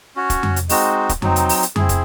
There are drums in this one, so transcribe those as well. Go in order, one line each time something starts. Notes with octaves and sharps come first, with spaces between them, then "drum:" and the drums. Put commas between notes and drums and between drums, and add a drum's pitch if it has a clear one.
C#4 F#4 C#5
drum: kick, hi-hat
drum: tom F2
drum: hi-hat
G#3 C4 D#4 F#4, drum: open hi-hat
drum: kick, hi-hat
F#3 C4 D#4, drum: tom F2
drum: hi-hat
drum: open hi-hat
drum: hi-hat
C4 E4 G#4, drum: tom F2
drum: kick, hi-hat